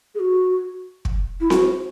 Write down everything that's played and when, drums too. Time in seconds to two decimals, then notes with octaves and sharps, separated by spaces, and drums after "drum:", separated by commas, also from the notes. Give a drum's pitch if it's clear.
0.15 G#4
0.19 F#4
1.05 drum: kick
1.40 E4
1.50 F#4, drum: snare C4